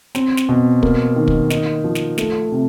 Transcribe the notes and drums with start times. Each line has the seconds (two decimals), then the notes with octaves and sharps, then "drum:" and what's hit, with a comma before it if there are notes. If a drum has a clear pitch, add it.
0.15 C4, drum: snare
0.37 drum: snare
0.49 B2
0.83 A#3, drum: kick
1.16 D#3
1.28 drum: kick
1.50 D#4, drum: snare
1.84 F3
1.95 drum: snare
2.18 A3, drum: snare
2.52 C3